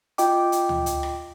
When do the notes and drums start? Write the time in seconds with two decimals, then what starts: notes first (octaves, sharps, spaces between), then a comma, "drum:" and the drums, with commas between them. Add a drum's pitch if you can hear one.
0.18 F4 D#5 G5 D6, drum: hi-hat
0.52 drum: hi-hat
0.69 drum: tom D2
0.86 drum: hi-hat
1.03 drum: rim click